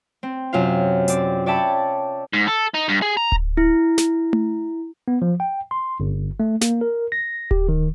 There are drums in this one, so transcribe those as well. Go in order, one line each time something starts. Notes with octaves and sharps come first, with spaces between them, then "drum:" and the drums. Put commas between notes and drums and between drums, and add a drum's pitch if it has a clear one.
C4
F#2 C3 F4 F5
C4 D5, drum: hi-hat
C#5 D5 E5 G5 A5 B5
G#2
A4
D#4
G2
G#4
A#5
drum: kick D1
E4
drum: snare
drum: tom A3
B3
F3
G5
C6
G1
A3
A#3, drum: snare
A#4
A#6
G4, drum: kick D1
D#3